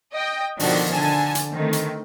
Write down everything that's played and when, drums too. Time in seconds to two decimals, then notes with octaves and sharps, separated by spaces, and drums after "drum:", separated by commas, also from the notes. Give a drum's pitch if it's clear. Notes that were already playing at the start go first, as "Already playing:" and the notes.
0.13 D#5 G5
0.60 B2 D3 D#3 F3 D4 F#4, drum: open hi-hat
0.92 D3 G#5 A5
1.35 drum: hi-hat
1.54 D#3 A3 C4
1.73 drum: hi-hat